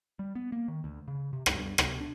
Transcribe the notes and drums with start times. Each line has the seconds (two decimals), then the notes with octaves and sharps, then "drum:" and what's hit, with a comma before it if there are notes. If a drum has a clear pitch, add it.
0.19 G3
0.35 B3
0.52 A#3
0.68 D#3
0.84 D2
1.08 C#3
1.33 C3
1.46 G2, drum: rim click
1.59 G2
1.78 C3, drum: rim click
2.00 D4